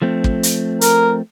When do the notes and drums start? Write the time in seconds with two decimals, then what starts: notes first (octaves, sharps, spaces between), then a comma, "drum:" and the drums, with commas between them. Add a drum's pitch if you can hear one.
0.02 F3 A3 C4
0.24 drum: kick
0.43 drum: hi-hat
0.81 A#4, drum: hi-hat